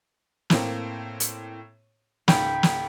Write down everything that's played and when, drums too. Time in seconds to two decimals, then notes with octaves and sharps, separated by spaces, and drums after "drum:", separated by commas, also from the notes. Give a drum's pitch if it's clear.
0.50 A2 A#3 C4, drum: snare
1.20 drum: hi-hat
2.28 C#2 G#2 G5 B5, drum: snare
2.63 drum: snare